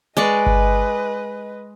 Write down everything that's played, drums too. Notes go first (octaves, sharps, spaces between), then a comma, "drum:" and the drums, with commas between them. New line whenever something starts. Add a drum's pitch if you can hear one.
G#3 B4 D5 D#5 C#6
drum: kick G1